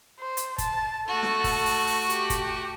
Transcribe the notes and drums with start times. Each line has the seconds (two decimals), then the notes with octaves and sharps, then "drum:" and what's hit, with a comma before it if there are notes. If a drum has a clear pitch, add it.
0.20 C5
0.37 drum: hi-hat
0.58 A5, drum: kick, hi-hat
1.08 A3 F#4 A4
1.23 drum: snare
1.44 drum: kick, open hi-hat
1.66 drum: open hi-hat
1.87 drum: open hi-hat
2.10 G4, drum: hi-hat
2.30 drum: kick, hi-hat